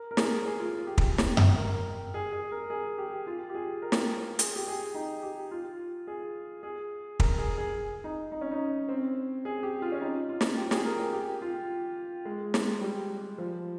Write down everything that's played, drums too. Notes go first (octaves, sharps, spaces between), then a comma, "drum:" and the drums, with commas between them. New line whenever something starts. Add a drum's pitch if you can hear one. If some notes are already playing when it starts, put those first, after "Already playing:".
Already playing: A#4
A#4
G#4, drum: snare
G#4
F4
F4
G4
drum: kick
drum: snare
drum: tom F#2
A#4
G#4
G#4
A#4
G#4
G4
F4
G4
G#4
A#4
drum: snare
G#4, drum: hi-hat
G4
G#4
D#4
G4
F4
G#4
G#4
A#4, drum: kick
G#4
G#4
D#4
D#4
C#4
D#4
C4
G#4
G4
F4
C#4
D#4
F4
drum: snare
G4
G#4, drum: snare
A#4
G#4
G4
F4
G#3
G#3, drum: snare
G3
F3